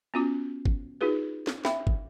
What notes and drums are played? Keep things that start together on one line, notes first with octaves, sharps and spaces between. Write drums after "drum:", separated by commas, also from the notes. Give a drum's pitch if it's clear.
B3 C#4 F4 F#4 D6
drum: kick
D#4 F4 F#4 G#4 B4
drum: snare
E5 G5 B5, drum: snare
drum: kick